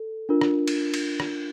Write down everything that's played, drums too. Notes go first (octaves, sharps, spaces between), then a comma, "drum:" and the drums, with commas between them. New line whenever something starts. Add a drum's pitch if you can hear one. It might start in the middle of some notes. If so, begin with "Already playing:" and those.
Already playing: A4
D4 F4 A#4
drum: rim click
drum: cymbal
drum: cymbal
drum: rim click